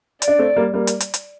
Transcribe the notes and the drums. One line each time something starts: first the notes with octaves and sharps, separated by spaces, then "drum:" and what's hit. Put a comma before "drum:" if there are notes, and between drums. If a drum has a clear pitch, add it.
D5, drum: hi-hat
D4
A3 C4
G3 A#3
G3 A#3
drum: hi-hat
drum: hi-hat
drum: hi-hat